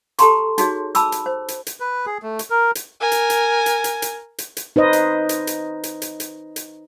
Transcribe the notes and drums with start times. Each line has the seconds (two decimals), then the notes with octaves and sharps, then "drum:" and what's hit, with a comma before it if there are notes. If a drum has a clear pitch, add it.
0.19 G4 A4 A5 A#5 C6 C#6, drum: hi-hat
0.58 D#4 F#4 G#4 C#5, drum: hi-hat
0.95 A5 B5 D6 E6, drum: hi-hat
1.12 drum: hi-hat
1.26 C5
1.48 drum: hi-hat
1.67 drum: hi-hat
1.80 B4
2.06 G#4
2.22 A3
2.39 drum: hi-hat
2.50 A#4
2.75 drum: hi-hat
3.01 A#4 G#5
3.12 drum: hi-hat
3.30 drum: hi-hat
3.66 drum: hi-hat
3.84 drum: hi-hat
4.02 drum: hi-hat
4.38 drum: hi-hat
4.57 drum: hi-hat
4.76 D#4 B4 C5 D#5
4.93 drum: hi-hat
5.29 drum: hi-hat
5.47 drum: hi-hat
5.83 drum: hi-hat
6.02 drum: hi-hat
6.20 drum: hi-hat
6.56 drum: hi-hat